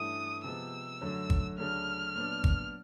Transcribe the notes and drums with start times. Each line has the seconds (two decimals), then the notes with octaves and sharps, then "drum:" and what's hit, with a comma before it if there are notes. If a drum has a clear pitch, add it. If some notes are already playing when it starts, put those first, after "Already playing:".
Already playing: G2 E3 A3 C#4 E4 D#6
0.44 C3 F3 G#3 B3 E6
1.01 F#2 D3 F#3 A3 C#4
1.30 drum: kick G#1
1.58 D2 C#3 F#3 A3 D4 F6
2.16 A#2 F#3 B3 D4
2.44 drum: kick G#1